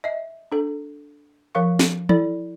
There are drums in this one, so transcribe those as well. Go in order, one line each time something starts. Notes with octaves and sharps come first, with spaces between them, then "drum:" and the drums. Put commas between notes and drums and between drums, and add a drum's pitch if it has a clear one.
D#5 E5
D4 A4
F3 A#4 F5 C#6
drum: snare
E4 A4 D5, drum: tom E3